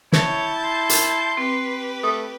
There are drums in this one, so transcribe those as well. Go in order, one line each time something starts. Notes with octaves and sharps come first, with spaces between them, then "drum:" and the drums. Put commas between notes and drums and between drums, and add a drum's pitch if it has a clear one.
E4 C#5 A5 G6, drum: snare
C6
drum: hi-hat
C4 G4 B4
A3 D#6